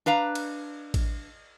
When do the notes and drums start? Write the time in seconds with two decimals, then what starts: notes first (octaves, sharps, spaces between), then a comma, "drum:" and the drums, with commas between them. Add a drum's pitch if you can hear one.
0.06 D4 B4 F5 A#5
0.35 drum: cymbal
0.94 drum: kick A1, cymbal